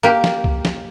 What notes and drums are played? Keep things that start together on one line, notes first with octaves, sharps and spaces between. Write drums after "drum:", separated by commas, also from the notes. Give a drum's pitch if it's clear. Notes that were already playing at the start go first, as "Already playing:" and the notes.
A#3 G4
drum: snare
drum: kick C2
drum: snare